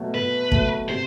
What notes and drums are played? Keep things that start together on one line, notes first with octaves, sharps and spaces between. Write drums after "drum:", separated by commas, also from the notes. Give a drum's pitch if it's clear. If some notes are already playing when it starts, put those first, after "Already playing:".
Already playing: B2 F#3 A3
B2 B4
F#3 A3, drum: kick
C3 C5